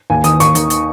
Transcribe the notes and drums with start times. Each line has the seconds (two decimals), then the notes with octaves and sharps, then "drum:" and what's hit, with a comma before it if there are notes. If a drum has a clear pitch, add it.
0.10 D#2 G#5
0.24 D#3 D#6, drum: hi-hat
0.40 D#2 C#6, drum: hi-hat
0.55 D#3, drum: hi-hat
0.70 drum: hi-hat